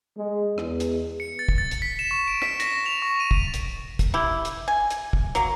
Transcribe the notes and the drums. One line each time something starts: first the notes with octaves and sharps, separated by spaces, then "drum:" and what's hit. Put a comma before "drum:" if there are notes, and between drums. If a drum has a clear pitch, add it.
G#3
E2, drum: rim click
drum: hi-hat
C#7
A6
drum: kick
A6
drum: hi-hat
B6
E7
C#6
D7
B6, drum: rim click
A#6, drum: hi-hat
F7
C#6
D#7
drum: kick
drum: hi-hat
drum: kick, hi-hat
E4 G4
drum: hi-hat
G#5
drum: hi-hat
drum: kick
F#3 A#3, drum: hi-hat